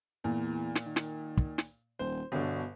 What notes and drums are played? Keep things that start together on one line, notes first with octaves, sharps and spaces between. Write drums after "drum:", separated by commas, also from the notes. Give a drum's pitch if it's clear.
E2 A#2
drum: snare
D#3
drum: snare
drum: kick
drum: snare
D#1 C5
G1 B2 D3